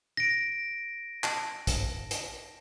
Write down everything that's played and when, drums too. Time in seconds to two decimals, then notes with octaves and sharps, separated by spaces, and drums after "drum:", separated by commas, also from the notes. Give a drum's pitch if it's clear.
0.17 A#6 D7
1.24 A5, drum: clap
1.67 drum: kick A#1, hi-hat
2.11 drum: hi-hat